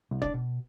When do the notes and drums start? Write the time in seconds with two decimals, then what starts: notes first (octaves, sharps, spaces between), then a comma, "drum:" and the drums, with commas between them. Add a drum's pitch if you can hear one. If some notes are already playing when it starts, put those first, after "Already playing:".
0.11 C2
0.22 D4 D5, drum: kick E1
0.34 B2